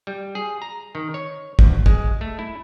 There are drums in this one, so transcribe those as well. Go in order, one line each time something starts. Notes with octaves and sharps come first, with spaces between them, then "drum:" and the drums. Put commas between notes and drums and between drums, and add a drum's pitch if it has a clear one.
G3
G#4
A#5
D#3
C#5
D2, drum: kick
G#3, drum: kick
A3
E4